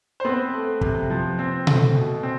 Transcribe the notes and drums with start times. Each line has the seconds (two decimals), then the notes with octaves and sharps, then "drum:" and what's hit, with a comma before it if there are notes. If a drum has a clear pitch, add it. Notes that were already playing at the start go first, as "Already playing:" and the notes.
0.20 C5
0.25 B3 C4 B4
0.53 A3
0.81 C3, drum: kick
1.10 F3
1.39 C4
1.67 A3, drum: tom B2
1.95 B2
2.23 C4